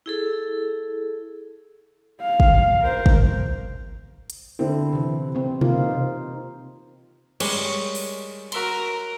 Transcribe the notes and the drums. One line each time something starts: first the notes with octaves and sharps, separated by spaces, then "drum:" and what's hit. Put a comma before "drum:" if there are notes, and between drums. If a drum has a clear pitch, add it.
E4 G#4 A4
F5
drum: kick
A#4 C5
drum: kick
drum: hi-hat
D3 C4 E4
C3 E3
C3 C4
A#3 D#4 F4, drum: tom B2
C5
D#3 G3 G#3 C#5, drum: cymbal
drum: open hi-hat
F#4 A#4 E5 C6, drum: cymbal